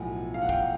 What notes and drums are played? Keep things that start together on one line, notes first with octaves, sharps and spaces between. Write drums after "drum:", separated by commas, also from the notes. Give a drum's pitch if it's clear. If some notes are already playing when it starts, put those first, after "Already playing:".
Already playing: B1 A2 F3 F#5 G#5
F5
F#5
F5 G5, drum: kick